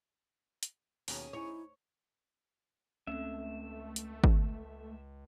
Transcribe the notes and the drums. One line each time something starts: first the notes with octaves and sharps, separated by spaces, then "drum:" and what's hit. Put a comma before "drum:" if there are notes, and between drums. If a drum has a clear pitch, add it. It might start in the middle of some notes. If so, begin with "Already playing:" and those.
drum: hi-hat
D#2 B2 C#4 G#4 A#5, drum: open hi-hat
D#4 E4 C#5 G#5
C#2 A3 C4 C#4 E5
drum: hi-hat
drum: kick